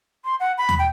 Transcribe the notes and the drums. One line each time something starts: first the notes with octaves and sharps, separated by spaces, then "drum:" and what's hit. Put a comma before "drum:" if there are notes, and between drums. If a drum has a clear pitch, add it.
C6
F#5
B5
drum: tom D#2
G5